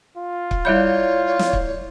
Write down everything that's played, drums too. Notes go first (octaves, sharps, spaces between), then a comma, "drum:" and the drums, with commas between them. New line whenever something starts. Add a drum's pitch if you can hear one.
F4
drum: kick C#1
G3 E4 C#5 D5 E5 B5 G6
drum: snare
drum: kick C#1